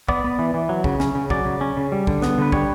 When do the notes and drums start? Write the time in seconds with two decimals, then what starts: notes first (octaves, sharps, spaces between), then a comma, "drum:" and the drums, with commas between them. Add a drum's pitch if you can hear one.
0.09 B3 D5, drum: kick
0.24 B3
0.39 E3
0.54 E3
0.69 F#3
0.84 C#3, drum: kick
1.00 C#4, drum: snare
1.15 C#3
1.30 F#3 D5, drum: kick
1.46 C#3
1.61 C#4
1.77 C#3
1.92 G3
2.07 D3, drum: kick
2.22 B3, drum: snare
2.38 D3 B4
2.52 G3 C#5, drum: kick